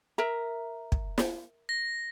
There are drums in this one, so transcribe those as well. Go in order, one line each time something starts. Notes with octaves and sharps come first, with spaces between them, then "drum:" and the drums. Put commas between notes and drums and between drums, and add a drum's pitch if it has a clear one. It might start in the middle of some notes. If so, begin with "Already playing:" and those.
A#4 E5 A#5
drum: kick
drum: snare
A#6